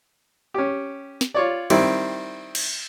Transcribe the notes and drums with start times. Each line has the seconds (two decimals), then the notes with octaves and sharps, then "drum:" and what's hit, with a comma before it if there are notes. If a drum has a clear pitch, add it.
0.54 C#4 G4
1.21 drum: snare
1.34 F4 C#5 D5
1.70 D#3 G3 C4 E4, drum: cymbal
2.55 drum: cymbal